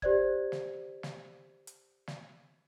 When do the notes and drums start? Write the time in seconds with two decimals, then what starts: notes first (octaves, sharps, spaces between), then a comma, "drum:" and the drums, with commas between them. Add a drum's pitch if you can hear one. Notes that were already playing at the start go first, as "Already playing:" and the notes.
0.02 G4 C5 D5 G#6, drum: kick F#1
0.52 drum: snare
1.03 drum: snare
1.67 drum: hi-hat
2.07 drum: snare